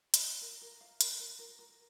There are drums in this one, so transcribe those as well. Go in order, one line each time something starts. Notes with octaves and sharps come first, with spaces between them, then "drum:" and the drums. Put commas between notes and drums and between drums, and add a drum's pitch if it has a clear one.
drum: hi-hat
F5
A#4
A#4
F5
A#4, drum: hi-hat
A#4
A#4
A#4